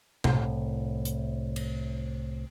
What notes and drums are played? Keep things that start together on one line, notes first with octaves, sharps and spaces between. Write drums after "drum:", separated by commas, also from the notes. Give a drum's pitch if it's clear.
C2 A2, drum: tom B2
drum: hi-hat
drum: cymbal